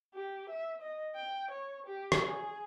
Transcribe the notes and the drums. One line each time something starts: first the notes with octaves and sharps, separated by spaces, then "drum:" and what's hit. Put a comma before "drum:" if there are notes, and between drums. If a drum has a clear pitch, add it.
G4
E5
D#5
G5
C#5
G4
drum: rim click
G#4